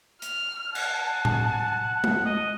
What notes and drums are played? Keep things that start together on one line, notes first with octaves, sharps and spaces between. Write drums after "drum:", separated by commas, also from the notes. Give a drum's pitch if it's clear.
F6, drum: hi-hat
F#5 A5, drum: cymbal
drum: tom A2
drum: tom G#3
D#5